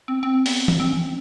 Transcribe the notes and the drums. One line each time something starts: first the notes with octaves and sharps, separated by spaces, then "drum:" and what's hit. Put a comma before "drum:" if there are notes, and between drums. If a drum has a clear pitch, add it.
C4
C4
B3, drum: open hi-hat
drum: tom E3
C4
C#4
C4